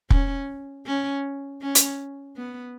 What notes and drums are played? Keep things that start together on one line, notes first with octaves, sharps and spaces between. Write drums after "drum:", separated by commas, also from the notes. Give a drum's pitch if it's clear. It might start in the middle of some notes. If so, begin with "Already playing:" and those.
C#4, drum: kick
C#4
C#4
drum: hi-hat
B3